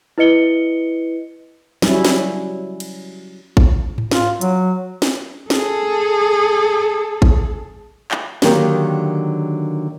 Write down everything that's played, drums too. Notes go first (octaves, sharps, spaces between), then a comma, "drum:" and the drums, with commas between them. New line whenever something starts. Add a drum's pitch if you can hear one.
E4 B4 D#5 C#7 G7
F#3 G3 C#4 E4, drum: snare
drum: snare
drum: cymbal
drum: kick G#1
drum: tom G#2
F4, drum: snare
F#3, drum: hi-hat
drum: snare
G#4 A4, drum: snare
drum: kick G#1
drum: clap
D3 D#3 F#3 A#3 G4 A#4, drum: snare